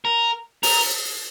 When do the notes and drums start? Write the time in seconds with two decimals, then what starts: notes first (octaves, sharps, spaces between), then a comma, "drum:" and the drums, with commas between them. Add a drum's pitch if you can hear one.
0.05 A#4
0.63 A#4, drum: open hi-hat